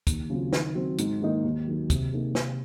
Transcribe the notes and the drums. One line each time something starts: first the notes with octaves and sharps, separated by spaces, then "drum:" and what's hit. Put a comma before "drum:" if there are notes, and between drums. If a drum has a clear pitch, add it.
D#2, drum: kick, hi-hat
C#3 F#3 C4 F4
D#3, drum: snare
F#3 C4
G#2, drum: hi-hat
D#3 A#3 D#4
D#2
D#3 F#3
C3, drum: kick, hi-hat
D#3 A#3 D#4 G#4
C3, drum: snare